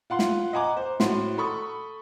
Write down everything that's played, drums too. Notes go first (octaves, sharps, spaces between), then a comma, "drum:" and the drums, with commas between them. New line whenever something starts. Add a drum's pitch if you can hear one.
F4 F#5 C6
drum: snare
D#5 F#5 G#5 A#5 D6
C5
A2 F#4 C6, drum: snare
A4 B5 C#6 D#6